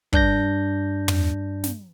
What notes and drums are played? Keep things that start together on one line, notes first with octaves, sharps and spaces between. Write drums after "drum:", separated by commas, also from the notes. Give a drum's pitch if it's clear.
G2 D4 G6 A#6, drum: kick
drum: tom
drum: snare